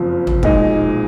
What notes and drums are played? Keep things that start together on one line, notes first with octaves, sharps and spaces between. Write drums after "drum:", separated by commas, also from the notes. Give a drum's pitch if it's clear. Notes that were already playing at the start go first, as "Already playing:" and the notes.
Already playing: F#1 F2 F3
drum: tom
B1 A#2 G#3 D#4, drum: kick